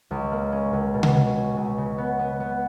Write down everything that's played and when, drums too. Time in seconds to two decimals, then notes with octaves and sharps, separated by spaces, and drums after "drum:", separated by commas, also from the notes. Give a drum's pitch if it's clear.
0.11 C#2
0.32 A#3
0.52 C#4
0.73 C#2
0.94 B2
1.03 drum: tom C3
1.15 C#4
1.36 C#4
1.57 C#2
1.78 C#3
1.98 B3
2.19 B3
2.40 B3